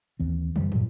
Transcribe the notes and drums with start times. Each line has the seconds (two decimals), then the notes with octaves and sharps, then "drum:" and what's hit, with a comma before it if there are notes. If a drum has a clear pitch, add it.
0.20 D#2 E3 C4
0.56 F#2 D3 D#3 G3, drum: tom
0.72 G2 A#2 F#3, drum: tom